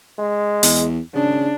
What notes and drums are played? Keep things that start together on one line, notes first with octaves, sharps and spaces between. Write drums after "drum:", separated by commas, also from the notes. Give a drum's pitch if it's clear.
G#3
E2, drum: open hi-hat
G#1 C#3 D4